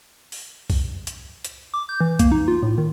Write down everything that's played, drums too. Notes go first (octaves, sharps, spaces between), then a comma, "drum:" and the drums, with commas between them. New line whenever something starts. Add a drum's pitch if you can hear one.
drum: open hi-hat
drum: kick, open hi-hat
drum: hi-hat
drum: hi-hat
D6
G6
E3
A#3, drum: kick, hi-hat
D#4
F4
A2
D#3